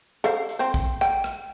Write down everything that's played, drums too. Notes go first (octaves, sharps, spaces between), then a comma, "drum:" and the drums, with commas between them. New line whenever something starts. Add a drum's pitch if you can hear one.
A4 C5 F5, drum: hi-hat
drum: hi-hat
C4 C5
drum: kick, hi-hat
G5, drum: rim click
drum: rim click